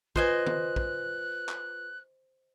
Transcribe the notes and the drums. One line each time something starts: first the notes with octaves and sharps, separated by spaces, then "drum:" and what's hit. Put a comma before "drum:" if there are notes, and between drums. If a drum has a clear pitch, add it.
F4 B4 C5 D#5 G#5 F#6, drum: kick
drum: tom D#3
drum: kick
drum: clap